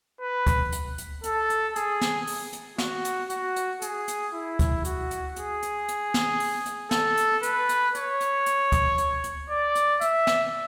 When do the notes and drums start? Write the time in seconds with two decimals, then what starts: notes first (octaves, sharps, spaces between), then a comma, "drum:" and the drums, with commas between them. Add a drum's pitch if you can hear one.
0.21 B4
0.47 drum: kick D2, hi-hat
0.72 drum: hi-hat
0.98 drum: hi-hat
1.24 A4, drum: hi-hat
1.50 drum: hi-hat
1.76 G#4, drum: hi-hat
2.01 drum: snare
2.27 drum: open hi-hat
2.53 drum: hi-hat
2.78 F#4, drum: snare
3.05 drum: hi-hat
3.30 F#4, drum: hi-hat
3.56 drum: hi-hat
3.82 G#4, drum: hi-hat
4.08 drum: hi-hat
4.33 E4
4.59 drum: kick D2, hi-hat
4.85 F#4, drum: hi-hat
5.11 drum: hi-hat
5.36 G#4, drum: hi-hat
5.63 drum: hi-hat
5.88 drum: hi-hat
6.14 drum: snare
6.40 drum: open hi-hat
6.66 drum: hi-hat
6.91 A4, drum: snare
7.17 drum: hi-hat
7.43 B4, drum: hi-hat
7.69 drum: hi-hat
7.95 C#5, drum: hi-hat
8.21 drum: hi-hat
8.46 drum: hi-hat
8.72 drum: kick D2, hi-hat
8.98 drum: hi-hat
9.24 drum: hi-hat
9.50 D5
9.75 drum: hi-hat
10.01 E5, drum: hi-hat
10.27 drum: snare